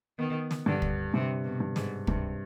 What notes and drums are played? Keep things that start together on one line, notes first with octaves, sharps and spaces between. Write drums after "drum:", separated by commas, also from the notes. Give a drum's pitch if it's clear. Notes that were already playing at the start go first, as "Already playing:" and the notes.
D#3 B3
drum: snare
G2 D3
drum: kick
G2 C3
B2
G2
G#2, drum: snare
G2 C3, drum: kick